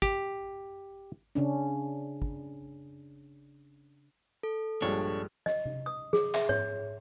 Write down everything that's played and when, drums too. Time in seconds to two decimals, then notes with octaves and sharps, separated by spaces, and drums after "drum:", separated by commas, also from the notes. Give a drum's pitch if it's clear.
0.02 G4, drum: kick
1.35 C#3 C#4 D4
2.22 drum: kick
4.43 A4
4.82 A#1 G2 G#3 D4 C#5
5.46 D#5, drum: snare
5.66 drum: tom C3
5.86 D#6
6.13 G#4, drum: snare
6.34 E5, drum: clap
6.49 C#5, drum: tom G#2